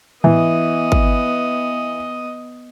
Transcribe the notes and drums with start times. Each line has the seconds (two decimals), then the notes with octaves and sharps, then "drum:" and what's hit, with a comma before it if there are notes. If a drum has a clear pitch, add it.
0.24 E3 B3 D#5, drum: tom
0.92 drum: kick G#1